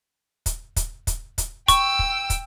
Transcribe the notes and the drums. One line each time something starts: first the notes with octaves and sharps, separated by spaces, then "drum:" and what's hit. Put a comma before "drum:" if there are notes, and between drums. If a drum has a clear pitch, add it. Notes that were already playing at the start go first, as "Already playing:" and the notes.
drum: kick, hi-hat
drum: kick, hi-hat
drum: kick, hi-hat
drum: kick, hi-hat
G5 C#6 E6, drum: kick, hi-hat
drum: kick
drum: kick, hi-hat